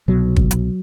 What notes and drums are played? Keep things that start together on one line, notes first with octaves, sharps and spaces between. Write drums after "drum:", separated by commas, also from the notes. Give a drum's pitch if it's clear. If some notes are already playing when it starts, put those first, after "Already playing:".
C2 B2 F#3
drum: kick
drum: hi-hat